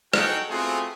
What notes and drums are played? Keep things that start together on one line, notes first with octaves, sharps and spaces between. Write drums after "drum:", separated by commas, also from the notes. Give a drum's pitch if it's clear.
D#4 F#4 G#4 A4 F#5 G5, drum: rim click
A3 B3 C4 F4 F#4 G#4